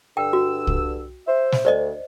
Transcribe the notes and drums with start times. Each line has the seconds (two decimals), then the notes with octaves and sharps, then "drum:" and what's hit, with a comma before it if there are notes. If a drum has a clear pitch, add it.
0.17 G2 D3 G5 E6
0.33 F#4
0.67 drum: kick C2
1.27 C5 E5
1.52 drum: snare
1.65 D2 C5 D5 D#5